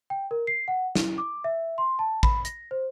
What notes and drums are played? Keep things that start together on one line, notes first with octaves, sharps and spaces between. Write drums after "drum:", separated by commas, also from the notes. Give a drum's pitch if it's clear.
G5
A#4
C7
F#5
E4, drum: snare
D6
E5
C6
A5
B5, drum: kick A1
A#6, drum: hi-hat
C5